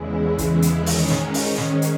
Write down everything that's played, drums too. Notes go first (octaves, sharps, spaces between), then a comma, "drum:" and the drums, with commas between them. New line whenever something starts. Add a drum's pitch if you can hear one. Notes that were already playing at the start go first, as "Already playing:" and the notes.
Already playing: E2 C#3 E3 G#3 E4
drum: kick, hi-hat
drum: hi-hat
G#2 D#3 G#3 C#4, drum: open hi-hat
drum: snare
drum: open hi-hat
drum: snare
drum: hi-hat